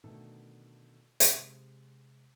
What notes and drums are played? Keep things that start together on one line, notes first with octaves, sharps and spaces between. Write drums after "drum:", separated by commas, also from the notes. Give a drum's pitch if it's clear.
B2 D3 D#3 A3 A4
C3 G#3, drum: hi-hat